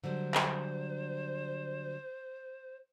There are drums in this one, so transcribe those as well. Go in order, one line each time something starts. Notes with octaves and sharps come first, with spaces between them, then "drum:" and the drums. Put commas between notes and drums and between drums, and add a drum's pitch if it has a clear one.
D3 F#3 G3 C5
drum: clap